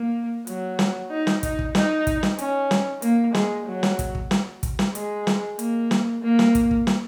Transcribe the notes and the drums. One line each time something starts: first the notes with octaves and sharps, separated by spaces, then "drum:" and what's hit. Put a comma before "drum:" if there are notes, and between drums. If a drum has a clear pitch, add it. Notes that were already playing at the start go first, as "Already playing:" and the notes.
Already playing: A#3
F#3, drum: hi-hat
drum: snare
D#4
drum: snare
D#4, drum: kick, hi-hat
drum: kick
D#4, drum: snare
drum: kick, hi-hat
drum: snare
C#4, drum: hi-hat
drum: snare
A#3, drum: hi-hat
G#3, drum: snare
F#3
drum: snare
drum: kick, hi-hat
drum: kick
drum: snare
drum: kick, hi-hat
drum: snare
G#3, drum: hi-hat
drum: snare
A#3, drum: hi-hat
drum: snare
A#3
drum: snare
drum: kick, hi-hat
drum: kick
drum: snare